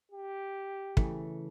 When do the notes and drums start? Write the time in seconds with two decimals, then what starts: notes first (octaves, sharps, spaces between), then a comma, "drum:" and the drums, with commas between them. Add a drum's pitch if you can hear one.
0.11 G4
0.97 C#3 E3 A3, drum: kick